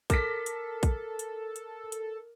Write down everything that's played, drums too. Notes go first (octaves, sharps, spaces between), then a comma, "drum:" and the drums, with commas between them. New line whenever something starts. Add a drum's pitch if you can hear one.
A4 A#4 D6 A#6 B6, drum: kick, hi-hat
drum: hi-hat
drum: kick, hi-hat
drum: hi-hat
drum: hi-hat
drum: hi-hat